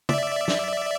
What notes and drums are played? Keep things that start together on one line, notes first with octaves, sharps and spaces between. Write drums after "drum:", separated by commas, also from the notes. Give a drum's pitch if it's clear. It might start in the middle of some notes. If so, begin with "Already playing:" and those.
D5 E5, drum: tom
drum: snare